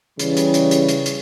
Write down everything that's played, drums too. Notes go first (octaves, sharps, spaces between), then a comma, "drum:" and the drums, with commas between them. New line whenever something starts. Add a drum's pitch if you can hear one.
C#3 E3 G3, drum: hi-hat
drum: hi-hat
drum: hi-hat
drum: hi-hat
drum: hi-hat
drum: hi-hat